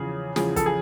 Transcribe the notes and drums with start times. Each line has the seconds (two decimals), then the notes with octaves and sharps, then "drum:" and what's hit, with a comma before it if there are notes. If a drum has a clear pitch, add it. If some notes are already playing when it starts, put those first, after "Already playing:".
Already playing: E2 C#3 F3 G#4
0.36 E2 C#3 F3 G#4, drum: snare
0.56 A4, drum: kick, hi-hat
0.66 G#4